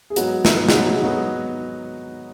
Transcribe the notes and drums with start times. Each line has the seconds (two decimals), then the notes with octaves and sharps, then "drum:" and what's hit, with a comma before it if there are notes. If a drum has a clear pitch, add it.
0.10 G#4
0.16 G#2 F#3 B3 D#4 F#4, drum: hi-hat
0.45 G#2 F#3 B3 D#4, drum: snare
0.69 G#4, drum: snare
0.73 G#2 F#3 B3 D#4 F#4
0.95 G#4
1.02 F#3 B3 D#4 F#4